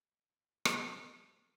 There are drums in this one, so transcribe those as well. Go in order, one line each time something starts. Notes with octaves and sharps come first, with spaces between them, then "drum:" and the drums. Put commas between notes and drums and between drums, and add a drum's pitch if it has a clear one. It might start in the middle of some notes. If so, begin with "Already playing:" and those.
A#3
drum: rim click